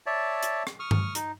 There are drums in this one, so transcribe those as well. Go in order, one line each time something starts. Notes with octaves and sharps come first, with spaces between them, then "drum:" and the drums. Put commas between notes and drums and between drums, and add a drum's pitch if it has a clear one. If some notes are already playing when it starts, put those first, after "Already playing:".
C#5 D5 E5 A5
drum: hi-hat
drum: rim click
C#6 D#6 F6
drum: tom G2
D#4, drum: hi-hat